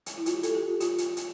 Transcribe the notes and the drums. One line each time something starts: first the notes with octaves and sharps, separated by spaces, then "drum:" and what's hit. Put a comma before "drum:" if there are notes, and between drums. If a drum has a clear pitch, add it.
drum: hi-hat
E4
F4, drum: hi-hat
G4
A4, drum: hi-hat
G4
F4
F4, drum: hi-hat
drum: hi-hat
drum: hi-hat